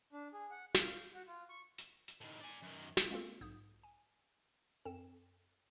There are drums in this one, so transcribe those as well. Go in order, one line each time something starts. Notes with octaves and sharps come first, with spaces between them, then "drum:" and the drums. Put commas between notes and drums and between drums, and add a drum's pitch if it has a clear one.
D4
G#4
F#5
F5, drum: snare
G6
F#4
F4
C#6
drum: hi-hat
drum: hi-hat
A2 D#3
D5 G#5
F#2 D#3
drum: snare
G#3 A#3 C4 F4 A4
B1 G#2 D#6 G6
G#5
F#2 C4 A4 G5 E7